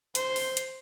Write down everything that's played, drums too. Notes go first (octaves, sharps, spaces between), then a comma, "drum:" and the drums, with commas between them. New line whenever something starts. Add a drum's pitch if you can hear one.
C5, drum: hi-hat
drum: open hi-hat
drum: hi-hat